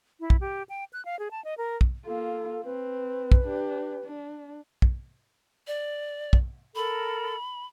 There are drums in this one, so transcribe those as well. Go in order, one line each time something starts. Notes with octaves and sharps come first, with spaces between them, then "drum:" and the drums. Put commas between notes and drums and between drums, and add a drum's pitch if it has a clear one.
E4
drum: kick
G4
G5
F#6
F5
G#4
A5
D#5
A#4
drum: kick
A#3 F4 A4
C4 B4
drum: kick
D4 G4
D4
drum: kick
D5
drum: kick
A4 A#4 B5